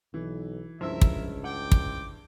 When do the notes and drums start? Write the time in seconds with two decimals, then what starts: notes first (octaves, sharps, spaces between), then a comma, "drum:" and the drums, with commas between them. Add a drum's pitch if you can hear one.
0.14 B1 E3
0.81 C#2 G2 F3 E4 A#4 E5 E6
1.01 drum: kick
1.44 C4 F#5 G5 D6
1.72 drum: kick